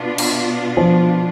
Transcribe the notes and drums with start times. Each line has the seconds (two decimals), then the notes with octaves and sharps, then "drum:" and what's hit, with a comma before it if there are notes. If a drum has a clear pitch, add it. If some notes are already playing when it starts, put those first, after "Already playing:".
Already playing: B2 B3 D4 F4
0.18 drum: cymbal
0.77 F3